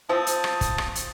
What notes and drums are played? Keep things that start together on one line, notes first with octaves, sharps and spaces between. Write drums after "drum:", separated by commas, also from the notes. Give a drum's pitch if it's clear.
F3 C4 A5 D#6
drum: hi-hat
drum: rim click
drum: kick, hi-hat
drum: rim click
drum: hi-hat